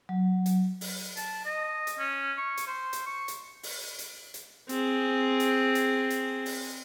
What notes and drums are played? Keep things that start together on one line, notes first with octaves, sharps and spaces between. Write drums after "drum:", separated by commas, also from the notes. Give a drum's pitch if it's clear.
F#3
drum: hi-hat
drum: open hi-hat
A5, drum: hi-hat
D#5
drum: hi-hat
C#4
C#6
drum: hi-hat
C5
drum: hi-hat
C#6
drum: hi-hat
drum: open hi-hat
drum: hi-hat
drum: hi-hat
C4 G#4, drum: hi-hat
drum: hi-hat
drum: hi-hat
drum: hi-hat
drum: open hi-hat